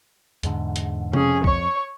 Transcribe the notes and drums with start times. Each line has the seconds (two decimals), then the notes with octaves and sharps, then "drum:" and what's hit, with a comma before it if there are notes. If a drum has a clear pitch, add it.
0.43 E2 G#2 D3, drum: hi-hat
0.76 drum: hi-hat
1.13 F2 C#4 G#4, drum: tom C3
1.44 C#5 C#6, drum: kick C2